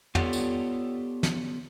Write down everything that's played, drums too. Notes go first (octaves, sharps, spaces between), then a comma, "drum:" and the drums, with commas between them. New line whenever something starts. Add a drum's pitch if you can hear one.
B3 F4 G4 A4 C#5 D5, drum: tom
drum: tambourine
drum: snare